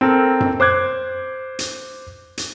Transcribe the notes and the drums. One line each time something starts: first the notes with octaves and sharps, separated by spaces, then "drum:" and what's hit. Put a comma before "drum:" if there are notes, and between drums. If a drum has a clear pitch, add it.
C4 A4 A#4
drum: tom F#2
C5 D6 F#6 G#6
drum: hi-hat
drum: hi-hat